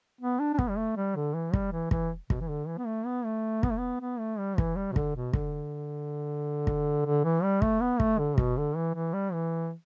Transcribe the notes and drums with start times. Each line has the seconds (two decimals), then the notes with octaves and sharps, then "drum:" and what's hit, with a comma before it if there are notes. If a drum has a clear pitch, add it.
0.21 B3
0.40 D4
0.54 D4
0.59 B3, drum: kick
0.70 G3
0.78 A3
0.96 G3
1.16 D3
1.35 E3
1.53 G3, drum: kick
1.72 E3
1.91 E3, drum: kick
2.30 B2, drum: kick
2.41 E3
2.49 D3
2.68 E3
2.78 B3
2.86 A3
3.06 B3
3.25 A3
3.63 B3, drum: kick
3.71 A3
3.79 B3
4.01 B3
4.19 A3
4.39 G3
4.58 E3, drum: kick
4.76 G3
4.92 B2
4.96 D3, drum: kick
5.15 B2
5.33 D3, drum: kick
6.67 drum: kick
7.06 D3
7.24 E3
7.43 G3
7.62 A3, drum: kick
7.81 B3
8.00 A3, drum: kick
8.19 D3
8.38 B2, drum: kick
8.57 D3
8.76 E3
8.95 E3
9.14 G3
9.33 E3